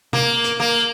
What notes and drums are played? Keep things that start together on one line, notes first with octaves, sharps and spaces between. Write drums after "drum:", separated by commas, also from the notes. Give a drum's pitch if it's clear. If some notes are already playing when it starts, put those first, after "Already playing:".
A#3, drum: tom C3
drum: hi-hat
A#3